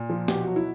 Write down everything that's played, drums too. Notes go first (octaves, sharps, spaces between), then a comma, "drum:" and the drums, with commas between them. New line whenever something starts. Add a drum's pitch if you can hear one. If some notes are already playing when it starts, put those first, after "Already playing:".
Already playing: A#2
F3
B2 G4, drum: snare
F#3 F#4
E4